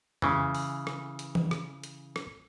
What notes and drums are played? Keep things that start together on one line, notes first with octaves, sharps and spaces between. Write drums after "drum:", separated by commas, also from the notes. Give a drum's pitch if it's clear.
C#3 E3, drum: tom
drum: open hi-hat
drum: rim click
drum: hi-hat
drum: tom E3
drum: rim click
drum: hi-hat
drum: rim click